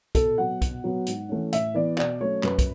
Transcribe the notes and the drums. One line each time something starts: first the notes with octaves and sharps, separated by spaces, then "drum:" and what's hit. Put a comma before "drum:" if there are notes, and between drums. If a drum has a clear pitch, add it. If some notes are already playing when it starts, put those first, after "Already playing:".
B2 A4, drum: kick, hi-hat
F#3 B3 F#5
B2, drum: kick, hi-hat
F#3 B3
G#2, drum: hi-hat
E3 A3 C#4
A2 E5, drum: hi-hat
E3 B3 D5
B2 D5, drum: clap
F#3 A3 C#4 C#5
F#2 B4, drum: clap
drum: kick, hi-hat